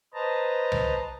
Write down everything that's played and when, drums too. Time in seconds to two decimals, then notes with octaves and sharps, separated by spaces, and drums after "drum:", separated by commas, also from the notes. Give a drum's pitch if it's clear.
0.14 B4 C5 D#5 A5 A#5
0.72 drum: tom C2